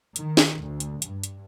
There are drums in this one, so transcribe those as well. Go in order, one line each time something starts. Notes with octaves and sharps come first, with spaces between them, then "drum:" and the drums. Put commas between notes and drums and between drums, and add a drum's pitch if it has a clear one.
D#3, drum: hi-hat
drum: snare
D2
drum: hi-hat
G2, drum: hi-hat
drum: hi-hat